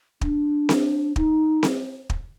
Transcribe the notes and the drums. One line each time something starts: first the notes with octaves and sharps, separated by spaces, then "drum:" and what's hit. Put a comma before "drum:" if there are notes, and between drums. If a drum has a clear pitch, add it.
D4, drum: kick
drum: snare C4
D#4, drum: kick
drum: snare C4
drum: kick